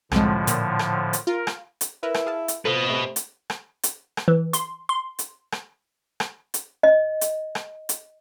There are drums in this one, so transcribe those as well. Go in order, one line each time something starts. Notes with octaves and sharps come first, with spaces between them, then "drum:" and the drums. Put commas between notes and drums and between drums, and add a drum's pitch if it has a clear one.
C2 F2 A2 D3 F3 G#3, drum: rim click
A#2, drum: hi-hat
drum: rim click
drum: hi-hat
F4 A#4
drum: rim click
drum: hi-hat
E4 A#4 B4
drum: rim click
G#4 F5 A5
drum: hi-hat
F3 A4 B4 D#5
C3 A3
drum: hi-hat
drum: rim click
drum: hi-hat
drum: rim click
E3
C6, drum: hi-hat
C6
drum: hi-hat
drum: rim click
drum: rim click
drum: hi-hat
D#5
drum: hi-hat
drum: rim click
drum: hi-hat